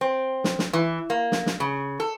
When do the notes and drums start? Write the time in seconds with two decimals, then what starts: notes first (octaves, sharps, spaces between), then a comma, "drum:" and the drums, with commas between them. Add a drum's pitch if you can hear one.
0.01 C4
0.44 drum: snare
0.59 drum: snare
0.73 E3
1.10 A#3
1.32 drum: snare
1.46 drum: snare
1.60 C#3
2.00 A4